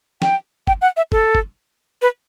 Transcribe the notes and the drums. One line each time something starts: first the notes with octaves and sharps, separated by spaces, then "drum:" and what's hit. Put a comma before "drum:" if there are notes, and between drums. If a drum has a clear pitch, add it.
G5, drum: snare
G5, drum: kick
F#5
E5
A4, drum: kick
drum: kick
B4